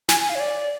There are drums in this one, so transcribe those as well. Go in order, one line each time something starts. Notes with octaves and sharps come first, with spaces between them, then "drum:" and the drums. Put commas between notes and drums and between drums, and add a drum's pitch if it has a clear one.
G#5, drum: snare
G#5
F5
C#5
D5